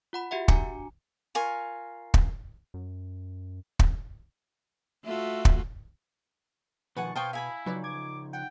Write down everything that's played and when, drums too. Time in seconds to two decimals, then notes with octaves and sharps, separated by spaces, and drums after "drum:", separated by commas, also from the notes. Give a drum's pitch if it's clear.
0.13 F4 F#5 B5
0.31 F#4 G4 E5 F#5
0.48 D4 F#4 G#5 A#5 D6 C#7, drum: kick
1.35 F4 A#4 G#5 C#6
2.14 drum: kick
2.74 F#2
3.79 drum: kick
5.05 A3 F4 F#4 E5
5.45 drum: kick
6.97 B2 D#3 F3 B4 F#5 G#5 A5 C#6
7.16 B2 C5 F5 G5 A5 C#6 D#6 G#6
7.33 E4 F5 G#5 B5
7.66 C#3 F3 F#3 D#4 B4 D5
7.84 D6 G#6
8.33 F#5 G5